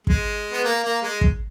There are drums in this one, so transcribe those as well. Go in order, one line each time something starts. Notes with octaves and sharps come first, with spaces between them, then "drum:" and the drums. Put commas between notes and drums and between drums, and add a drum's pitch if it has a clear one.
G#3, drum: kick
B3
A#3
A#3
G#3
drum: kick